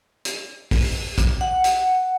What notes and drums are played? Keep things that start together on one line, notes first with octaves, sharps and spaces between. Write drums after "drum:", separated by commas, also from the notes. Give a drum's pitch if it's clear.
drum: hi-hat
drum: kick, open hi-hat
drum: kick, hi-hat
F#5
drum: hi-hat